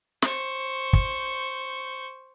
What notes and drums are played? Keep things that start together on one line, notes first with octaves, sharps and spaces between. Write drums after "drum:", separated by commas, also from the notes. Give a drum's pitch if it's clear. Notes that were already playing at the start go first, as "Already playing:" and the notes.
C5 C#6, drum: snare
drum: kick